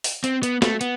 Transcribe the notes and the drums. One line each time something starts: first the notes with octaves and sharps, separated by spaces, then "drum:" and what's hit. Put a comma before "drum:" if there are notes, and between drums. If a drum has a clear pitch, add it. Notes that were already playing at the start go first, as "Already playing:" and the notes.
drum: open hi-hat
C4, drum: hi-hat
B3, drum: hi-hat
A3, drum: snare
B3, drum: hi-hat